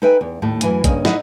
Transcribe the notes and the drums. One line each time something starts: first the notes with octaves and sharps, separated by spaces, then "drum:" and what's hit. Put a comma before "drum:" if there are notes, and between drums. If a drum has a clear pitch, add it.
D#4 A4 B4 E5 G5 G#5
E2
D#2 A2 A3
F#2 E3 E4 G#5, drum: hi-hat
G2 C#3 A#3 C#4 D#5, drum: kick A#1, hi-hat
D#4 E4 A4 D#5 F#5, drum: snare